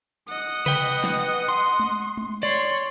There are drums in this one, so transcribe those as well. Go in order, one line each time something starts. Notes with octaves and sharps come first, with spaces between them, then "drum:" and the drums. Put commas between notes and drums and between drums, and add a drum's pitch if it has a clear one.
D#5 F#5, drum: hi-hat
B4 G5, drum: tom C3
drum: snare
C6
drum: tom G#3
drum: tom G#3
C#5 D5 C6
drum: hi-hat